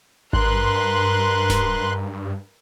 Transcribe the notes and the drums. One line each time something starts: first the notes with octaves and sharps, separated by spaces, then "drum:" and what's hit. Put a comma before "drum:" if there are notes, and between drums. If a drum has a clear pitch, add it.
G2 A#4 B4 C6 F#6, drum: kick G#1
drum: snare D1